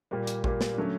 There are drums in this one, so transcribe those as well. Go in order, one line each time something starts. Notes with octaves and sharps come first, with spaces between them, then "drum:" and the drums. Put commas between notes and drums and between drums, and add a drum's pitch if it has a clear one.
A#2 G3 A#3
drum: hi-hat
A#2 G3 A#3, drum: kick A1
drum: snare
D3 F#3 A3 C#4